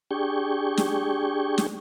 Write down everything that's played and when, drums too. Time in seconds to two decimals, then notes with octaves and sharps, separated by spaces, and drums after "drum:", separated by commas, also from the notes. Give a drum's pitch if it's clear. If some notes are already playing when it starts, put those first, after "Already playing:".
0.11 D4 G4 G#4 G5 C#6
0.77 drum: snare
1.58 drum: snare